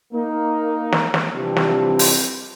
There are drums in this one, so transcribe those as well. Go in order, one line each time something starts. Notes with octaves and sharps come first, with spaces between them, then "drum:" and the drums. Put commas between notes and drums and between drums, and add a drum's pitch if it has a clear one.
A#3 D#4
drum: snare
drum: snare
C3 E3 F3 G3 C4 D4
drum: snare
drum: open hi-hat